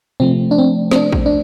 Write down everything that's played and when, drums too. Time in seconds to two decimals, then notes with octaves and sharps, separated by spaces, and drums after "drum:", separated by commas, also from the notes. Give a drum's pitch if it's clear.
0.20 C3 F3 A3 C4
0.51 D4
0.58 C4
0.91 C4, drum: snare
0.96 D4
1.12 drum: kick
1.26 D4